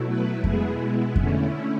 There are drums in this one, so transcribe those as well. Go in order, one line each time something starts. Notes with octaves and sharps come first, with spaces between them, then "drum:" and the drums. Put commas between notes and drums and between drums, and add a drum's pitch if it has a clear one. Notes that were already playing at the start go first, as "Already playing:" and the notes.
Already playing: B2 F#3 A3 E4
B4
B2 G#3 B3 E4 G#4, drum: kick F2
E4
D3 A3 C#4 E4, drum: kick F2